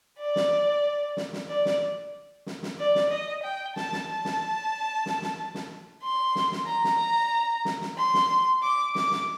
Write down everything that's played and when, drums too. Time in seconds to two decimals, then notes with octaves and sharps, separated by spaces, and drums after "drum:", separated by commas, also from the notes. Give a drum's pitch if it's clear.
0.19 D5
0.36 drum: snare
1.17 drum: snare
1.33 drum: snare
1.49 D5
1.65 drum: snare
2.46 drum: snare
2.63 drum: snare
2.79 D5
2.95 drum: snare
3.11 D#5
3.43 G5
3.76 A5, drum: snare
3.92 drum: snare
4.09 A5
4.25 drum: snare
5.06 drum: snare
5.22 drum: snare
5.54 drum: snare
6.03 C6
6.35 drum: snare
6.52 drum: snare
6.67 A#5
6.84 drum: snare
7.65 drum: snare
7.81 drum: snare
7.98 C6
8.14 drum: snare
8.63 D6
8.95 D6, drum: snare
9.11 drum: snare